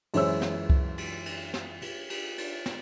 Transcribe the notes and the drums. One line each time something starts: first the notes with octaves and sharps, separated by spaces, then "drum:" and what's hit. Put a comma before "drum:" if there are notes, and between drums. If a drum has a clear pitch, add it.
F#2 E3 G#3 C5 C#5 E6, drum: cymbal
drum: snare
drum: kick C2
drum: cymbal
drum: cymbal
drum: snare
drum: cymbal
drum: cymbal
drum: cymbal
drum: snare